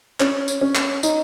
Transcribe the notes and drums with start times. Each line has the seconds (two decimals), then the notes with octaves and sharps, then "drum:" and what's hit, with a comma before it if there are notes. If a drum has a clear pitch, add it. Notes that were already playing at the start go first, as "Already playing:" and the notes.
0.20 C#4, drum: clap
0.48 drum: tambourine
0.61 C#4
0.75 drum: clap
1.03 D#4, drum: tambourine